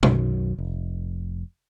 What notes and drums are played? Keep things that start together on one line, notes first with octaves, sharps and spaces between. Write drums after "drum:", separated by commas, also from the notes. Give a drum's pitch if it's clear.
B1 F#2 D#3 F#3, drum: tom
F1